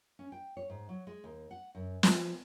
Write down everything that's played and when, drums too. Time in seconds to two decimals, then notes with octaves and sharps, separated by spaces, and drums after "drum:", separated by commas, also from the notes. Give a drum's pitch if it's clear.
0.19 C#4
0.32 G5
0.57 C#5
0.70 G#2
0.89 F#3
1.07 G#3
1.24 D#2
1.51 F#5
1.75 F#2
2.03 F3, drum: snare